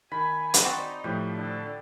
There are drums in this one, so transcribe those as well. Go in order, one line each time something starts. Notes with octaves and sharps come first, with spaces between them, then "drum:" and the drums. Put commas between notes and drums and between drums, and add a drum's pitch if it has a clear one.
D#3 G#5 B5
drum: hi-hat
C4 D#4 F#4 D5
A2 F3 G4
D3